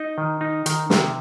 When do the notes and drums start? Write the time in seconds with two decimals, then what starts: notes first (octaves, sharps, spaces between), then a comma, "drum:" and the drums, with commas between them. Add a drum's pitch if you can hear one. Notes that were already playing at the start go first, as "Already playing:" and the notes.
Already playing: D#4 D#5
0.18 D#3
0.41 D#4
0.66 D#3, drum: hi-hat
0.90 C3, drum: snare